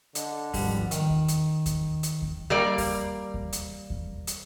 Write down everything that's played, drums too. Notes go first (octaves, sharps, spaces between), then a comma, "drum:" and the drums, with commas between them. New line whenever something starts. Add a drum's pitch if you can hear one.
D3 D#5, drum: hi-hat
G#1 F3 G3 B3 F#5, drum: kick D#2, open hi-hat
D#3, drum: hi-hat
drum: kick D#2
drum: hi-hat
drum: kick D#2, hi-hat
drum: hi-hat
drum: kick D#2
G3 A#3 D5
drum: kick D#2, open hi-hat
drum: kick D#2
drum: hi-hat
drum: kick D#2
drum: hi-hat